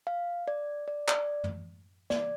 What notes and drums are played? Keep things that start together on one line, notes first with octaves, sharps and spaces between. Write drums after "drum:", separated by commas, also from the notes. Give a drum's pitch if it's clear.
F5
D5
D5
D5, drum: clap
drum: tom
D5, drum: snare